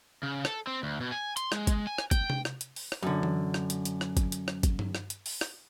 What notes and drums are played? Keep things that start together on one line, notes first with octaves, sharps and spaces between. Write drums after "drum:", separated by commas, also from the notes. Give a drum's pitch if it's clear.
C#3
A4, drum: rim click
C4
D2
B2
G#5
C6, drum: hi-hat
G#3, drum: rim click
drum: kick G1, hi-hat
G#5
drum: rim click
G5, drum: kick G1, hi-hat
drum: tom C3
drum: rim click
drum: hi-hat
drum: open hi-hat
drum: rim click
F#2 D3
drum: tom E3
drum: rim click
drum: hi-hat
drum: hi-hat
drum: rim click
drum: kick G1, hi-hat
drum: hi-hat
drum: rim click
drum: kick G1, hi-hat
drum: tom G2
drum: rim click
drum: hi-hat
drum: open hi-hat
drum: rim click